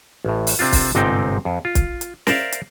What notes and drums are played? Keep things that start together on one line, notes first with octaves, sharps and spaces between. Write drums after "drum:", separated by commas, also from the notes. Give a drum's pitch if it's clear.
A1 A2
drum: open hi-hat
C3 C4 D4 F4
drum: kick, open hi-hat
G1 G#2 C3 C4 D#4 G5
F2
F4
drum: kick, hi-hat
drum: hi-hat
A#4 C5 D5 E5 F5, drum: snare
drum: hi-hat